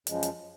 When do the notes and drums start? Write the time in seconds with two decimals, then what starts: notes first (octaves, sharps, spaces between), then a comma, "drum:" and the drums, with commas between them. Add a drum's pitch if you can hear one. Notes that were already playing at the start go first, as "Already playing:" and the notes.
0.07 F#2 C#3 F3 G#3, drum: hi-hat
0.23 drum: hi-hat